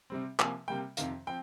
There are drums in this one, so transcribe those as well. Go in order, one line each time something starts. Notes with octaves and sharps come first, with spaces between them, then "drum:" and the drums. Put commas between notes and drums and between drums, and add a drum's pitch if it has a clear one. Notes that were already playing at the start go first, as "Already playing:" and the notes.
C3 G3 C4
C3 F3 A#3 G#5, drum: clap
C3 G3 A#3 G5
F2 C3 D#3 F5, drum: hi-hat
F3 C4 G5